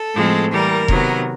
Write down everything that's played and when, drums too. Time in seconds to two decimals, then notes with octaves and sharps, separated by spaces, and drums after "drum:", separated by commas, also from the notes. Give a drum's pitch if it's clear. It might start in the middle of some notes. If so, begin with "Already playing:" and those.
Already playing: A4
0.15 A2 F3 G#3 C4
0.51 E3 G3 A#3 A#4
0.88 C3 D#3 F#3 B3, drum: kick E1